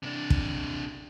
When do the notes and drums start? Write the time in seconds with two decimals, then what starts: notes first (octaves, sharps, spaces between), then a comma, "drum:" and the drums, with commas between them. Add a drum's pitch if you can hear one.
0.03 C3 D4
0.30 drum: kick